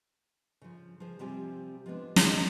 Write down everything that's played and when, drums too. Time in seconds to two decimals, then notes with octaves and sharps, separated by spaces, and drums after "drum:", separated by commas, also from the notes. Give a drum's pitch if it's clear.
0.62 C#3 F3
1.00 F3 G#4 C5
1.19 C3 F3 G3 C4 G4 G#5
1.86 F3 G#3 B3 C#4 D4
2.16 drum: snare
2.27 C#5 D#5 F#5